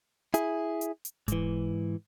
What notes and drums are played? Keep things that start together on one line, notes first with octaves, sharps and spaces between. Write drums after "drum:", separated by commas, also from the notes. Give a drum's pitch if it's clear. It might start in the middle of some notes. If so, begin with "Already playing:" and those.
E4 G#4, drum: hi-hat
drum: hi-hat
drum: hi-hat
G#2 E3, drum: kick E1, hi-hat